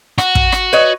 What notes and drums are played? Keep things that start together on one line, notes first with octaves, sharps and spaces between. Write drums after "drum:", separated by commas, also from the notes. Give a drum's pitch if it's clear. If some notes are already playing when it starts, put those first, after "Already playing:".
F#4, drum: rim click
drum: kick
drum: rim click
B4 C#5 D#5